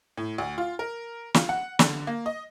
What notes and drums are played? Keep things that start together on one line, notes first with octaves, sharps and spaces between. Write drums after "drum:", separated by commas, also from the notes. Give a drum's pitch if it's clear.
A2
D2
F4
A#4
F4, drum: snare
F#5
D3, drum: snare
A#3
D#5